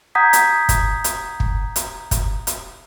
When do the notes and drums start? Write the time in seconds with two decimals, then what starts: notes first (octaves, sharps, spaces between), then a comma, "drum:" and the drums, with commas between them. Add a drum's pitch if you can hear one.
0.15 F#5 A#5 D#6 G6 G#6 B6
0.33 drum: hi-hat
0.69 drum: kick, hi-hat
1.04 drum: hi-hat
1.40 drum: kick
1.76 drum: hi-hat
2.11 drum: kick, hi-hat
2.47 drum: hi-hat